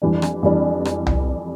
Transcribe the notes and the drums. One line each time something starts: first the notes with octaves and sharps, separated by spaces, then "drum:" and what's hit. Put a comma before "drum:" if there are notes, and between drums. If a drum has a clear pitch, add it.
F2 E3 G3 D4
drum: rim click
F2 E3 G3 D4
drum: rim click
drum: tom C2